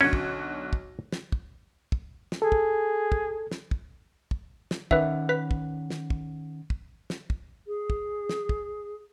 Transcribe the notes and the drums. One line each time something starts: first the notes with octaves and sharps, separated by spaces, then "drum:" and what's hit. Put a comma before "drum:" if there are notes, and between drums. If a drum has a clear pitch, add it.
B1 D3 C#4 F#4
drum: kick
drum: kick
drum: snare
drum: kick
drum: kick
drum: snare
G#4 A4
drum: kick
drum: kick
drum: snare
drum: kick
drum: kick
drum: snare
D#3 C#4 B4 E5 F#5, drum: kick
B4 B6
drum: kick
drum: snare
drum: kick
drum: kick
drum: snare
drum: kick
G#4
drum: kick
drum: snare
drum: kick